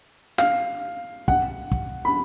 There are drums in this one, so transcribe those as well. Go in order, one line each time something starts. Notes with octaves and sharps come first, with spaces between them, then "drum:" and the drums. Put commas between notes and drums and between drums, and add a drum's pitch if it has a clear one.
F5, drum: snare
F#5, drum: kick
drum: kick
B5